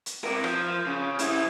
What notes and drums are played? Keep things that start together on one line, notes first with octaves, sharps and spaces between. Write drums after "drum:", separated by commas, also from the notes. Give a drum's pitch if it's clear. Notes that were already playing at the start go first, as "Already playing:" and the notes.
drum: hi-hat
C3 A#4
F3, drum: rim click
C#3
G3 E4, drum: hi-hat